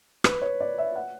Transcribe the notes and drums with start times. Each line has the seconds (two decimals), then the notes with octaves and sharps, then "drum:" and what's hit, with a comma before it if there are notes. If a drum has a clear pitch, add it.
0.24 B4, drum: rim click
0.42 C#5
0.61 D5
0.78 E5
0.96 F#5